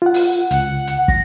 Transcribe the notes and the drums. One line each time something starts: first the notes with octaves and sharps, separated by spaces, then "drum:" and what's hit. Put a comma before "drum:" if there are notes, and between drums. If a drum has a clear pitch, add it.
F4 F#5
drum: open hi-hat
C#2 F#5, drum: hi-hat
drum: hi-hat
A#6, drum: kick